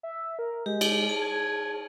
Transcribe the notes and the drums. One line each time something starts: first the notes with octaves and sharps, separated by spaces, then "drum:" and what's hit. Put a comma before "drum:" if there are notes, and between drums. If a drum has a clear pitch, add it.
E5
A#4
G#3 G4
drum: cymbal
G#4 A5
G#6